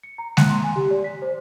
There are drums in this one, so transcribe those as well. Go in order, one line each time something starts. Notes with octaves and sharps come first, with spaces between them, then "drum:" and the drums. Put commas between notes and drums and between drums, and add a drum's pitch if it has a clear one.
C#7
A#5
F#6, drum: snare G#3
C6
G#5
G4
D5
B6
C5